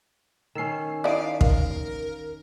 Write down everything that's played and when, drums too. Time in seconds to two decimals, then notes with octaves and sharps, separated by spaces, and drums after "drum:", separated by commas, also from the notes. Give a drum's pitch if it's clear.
0.55 D#3 C#4 E6 C7
1.04 D#4 E4 D5 F5 D#6 D7
1.41 A#4 F5, drum: kick